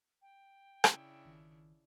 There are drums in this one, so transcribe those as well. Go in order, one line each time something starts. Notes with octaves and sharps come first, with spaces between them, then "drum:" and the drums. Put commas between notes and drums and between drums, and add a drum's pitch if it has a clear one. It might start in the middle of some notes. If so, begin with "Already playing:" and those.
G5
C#3 D4 E4, drum: rim click
G1 D#3